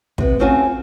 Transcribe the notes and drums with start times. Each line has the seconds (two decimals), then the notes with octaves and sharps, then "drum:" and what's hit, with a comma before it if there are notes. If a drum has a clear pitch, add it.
0.18 C3 B3, drum: kick
0.39 A3 C4 C#4 F4 F#4 G#5